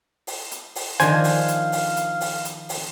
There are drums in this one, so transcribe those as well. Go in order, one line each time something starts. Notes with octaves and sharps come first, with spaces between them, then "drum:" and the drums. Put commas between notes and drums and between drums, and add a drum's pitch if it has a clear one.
drum: open hi-hat
drum: hi-hat
drum: open hi-hat
D#3 F3 D4 C5 F5 G#5, drum: hi-hat
drum: open hi-hat
drum: hi-hat
drum: open hi-hat
drum: hi-hat
drum: open hi-hat
drum: hi-hat
drum: open hi-hat